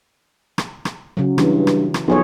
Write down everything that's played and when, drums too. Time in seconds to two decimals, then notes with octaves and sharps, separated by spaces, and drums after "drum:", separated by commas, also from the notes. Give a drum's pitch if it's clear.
0.58 drum: rim click
0.85 drum: rim click
1.17 C#3 F#3
1.38 G2 E3, drum: rim click
1.67 drum: rim click
1.94 drum: rim click
2.08 B1 F3 G#4 C#5